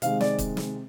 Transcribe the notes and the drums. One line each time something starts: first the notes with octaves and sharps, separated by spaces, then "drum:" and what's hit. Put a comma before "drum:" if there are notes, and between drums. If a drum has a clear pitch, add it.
C3 D#3 G#3 F5, drum: hi-hat
D5, drum: snare
drum: kick, hi-hat
drum: snare